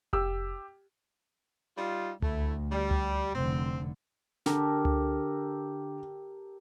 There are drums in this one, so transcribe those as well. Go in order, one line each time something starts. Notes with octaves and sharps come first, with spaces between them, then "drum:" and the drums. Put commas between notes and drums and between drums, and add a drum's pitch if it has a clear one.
G4 E6, drum: kick F1
G3 D#4 F4
D2 A3 E4, drum: tom C#2
G3
drum: tom C#2
F1 D3 C4 C5
D3 G4 A4 A#4, drum: snare
drum: tom C#2